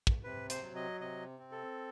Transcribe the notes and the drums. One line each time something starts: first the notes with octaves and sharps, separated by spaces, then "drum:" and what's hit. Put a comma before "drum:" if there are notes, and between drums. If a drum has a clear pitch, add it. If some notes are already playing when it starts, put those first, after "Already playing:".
drum: kick
C3 B4
C5, drum: hi-hat
F#3
D#5
C3 D#5
C4
A4